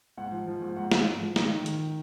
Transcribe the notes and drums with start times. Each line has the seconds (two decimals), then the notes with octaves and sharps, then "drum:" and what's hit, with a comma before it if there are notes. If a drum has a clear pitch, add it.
0.17 G#2 F#5
0.32 F3
0.47 F3
0.62 G#2
0.76 G#2 F#5
0.92 G#2, drum: snare
1.06 G#2
1.21 F3
1.36 D#3, drum: snare
1.51 D#3
1.66 D#3, drum: hi-hat